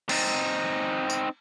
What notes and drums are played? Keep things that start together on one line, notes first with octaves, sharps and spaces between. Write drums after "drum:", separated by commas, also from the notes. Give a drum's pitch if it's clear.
C4 D#4, drum: cymbal
drum: tambourine